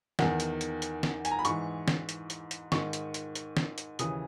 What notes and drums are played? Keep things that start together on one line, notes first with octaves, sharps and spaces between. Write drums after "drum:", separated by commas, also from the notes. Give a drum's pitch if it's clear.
E2 D#3 F#5, drum: snare
drum: hi-hat
drum: hi-hat
drum: hi-hat
drum: snare
G#5, drum: hi-hat
A#5
B5
G#2 E3 C#6, drum: hi-hat
drum: snare
drum: hi-hat
drum: hi-hat
drum: hi-hat
G#2 D#3 C#6, drum: snare
drum: hi-hat
drum: hi-hat
drum: hi-hat
drum: snare
drum: hi-hat
D#2 C#3 E3 D#6, drum: hi-hat